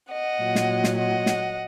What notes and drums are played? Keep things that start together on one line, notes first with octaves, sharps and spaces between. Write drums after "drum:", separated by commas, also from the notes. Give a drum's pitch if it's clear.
D#5 F#5
A#2 F#3
drum: snare
drum: snare
D#5 F#5
drum: snare